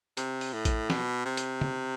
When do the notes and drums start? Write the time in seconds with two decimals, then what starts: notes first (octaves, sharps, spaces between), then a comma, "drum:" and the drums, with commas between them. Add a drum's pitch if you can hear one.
0.17 C3, drum: hi-hat
0.41 drum: open hi-hat
0.53 A2
0.65 drum: kick A1, hi-hat
0.90 B2, drum: snare
1.25 C3
1.37 drum: hi-hat
1.61 drum: tom